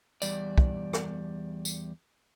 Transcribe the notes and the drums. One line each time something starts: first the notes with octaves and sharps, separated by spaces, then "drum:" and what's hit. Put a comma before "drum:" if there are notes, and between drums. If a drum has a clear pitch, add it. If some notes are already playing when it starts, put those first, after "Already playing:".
E2 G3 D5, drum: tambourine
drum: kick
drum: rim click
drum: tambourine